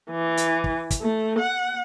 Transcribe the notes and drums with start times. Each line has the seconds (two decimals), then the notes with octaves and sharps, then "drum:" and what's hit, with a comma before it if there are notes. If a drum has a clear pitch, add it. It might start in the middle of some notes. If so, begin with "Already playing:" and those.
0.11 E3
0.37 drum: hi-hat
0.64 drum: kick
0.90 drum: kick, hi-hat
1.01 A3
1.39 F#5